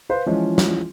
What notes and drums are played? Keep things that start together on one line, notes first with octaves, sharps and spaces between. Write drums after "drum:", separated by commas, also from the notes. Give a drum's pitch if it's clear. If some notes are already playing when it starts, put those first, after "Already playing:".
B4 C5 F5
E3 F3 G#3 C#4 F4
drum: snare